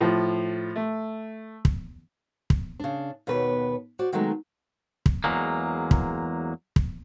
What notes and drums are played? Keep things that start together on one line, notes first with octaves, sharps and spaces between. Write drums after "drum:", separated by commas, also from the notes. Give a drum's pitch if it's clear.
A2 F3
A3
drum: kick
drum: kick
C#3 D4
D#2 B2 B3 B4 C#5
F#4 C5 D5
D#3 F#3 G#3 A3 B3 D#4
drum: kick
E2 F#3 G#3 A#3
drum: kick
drum: kick